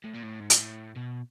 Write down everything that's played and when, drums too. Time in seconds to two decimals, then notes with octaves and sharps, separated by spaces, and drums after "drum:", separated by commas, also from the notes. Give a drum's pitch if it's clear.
0.04 A2
0.14 A#2
0.23 A2
0.40 G#2
0.50 A2, drum: hi-hat
0.96 B2